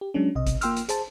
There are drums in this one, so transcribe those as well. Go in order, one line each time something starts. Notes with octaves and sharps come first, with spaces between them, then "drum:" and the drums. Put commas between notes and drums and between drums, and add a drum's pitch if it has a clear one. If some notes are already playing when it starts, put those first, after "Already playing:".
G4
F#3 G#3 C#4 D4
B1 C3 D#5
drum: kick G#1, hi-hat
A#3 F4 G5 C6 E6 F6, drum: hi-hat
drum: hi-hat
G#4 C5 A5, drum: hi-hat